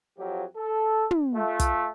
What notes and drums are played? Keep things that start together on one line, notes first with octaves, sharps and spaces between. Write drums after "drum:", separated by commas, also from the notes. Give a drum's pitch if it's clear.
F2 F3 F#3 G4
A4
drum: tom
A3 F4
drum: kick, hi-hat